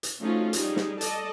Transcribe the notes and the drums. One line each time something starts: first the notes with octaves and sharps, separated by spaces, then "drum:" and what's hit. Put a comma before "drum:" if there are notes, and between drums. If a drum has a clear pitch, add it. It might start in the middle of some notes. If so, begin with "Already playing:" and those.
drum: hi-hat
F3 A3 C#4 D#4 F4 F#4
G3 D#4 G#4, drum: hi-hat
drum: snare
A4 D5 D#5 A5, drum: hi-hat